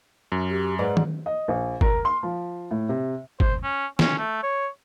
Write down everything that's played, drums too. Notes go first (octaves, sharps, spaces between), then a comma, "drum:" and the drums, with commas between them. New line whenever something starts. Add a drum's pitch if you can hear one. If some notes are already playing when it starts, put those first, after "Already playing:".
F#2
G4
G#2 B4 D5
drum: tom D#3
D#5
A#1
A#4, drum: kick G1
C6
F3
A2
C3
C5, drum: kick G1
C#4
C#4, drum: snare
A3
C#5